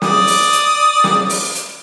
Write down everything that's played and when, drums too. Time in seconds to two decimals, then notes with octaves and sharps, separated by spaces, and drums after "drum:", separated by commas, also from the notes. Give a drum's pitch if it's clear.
0.02 D5 D#6, drum: snare
0.27 drum: open hi-hat
0.53 drum: hi-hat
1.04 drum: snare
1.30 drum: open hi-hat
1.55 drum: hi-hat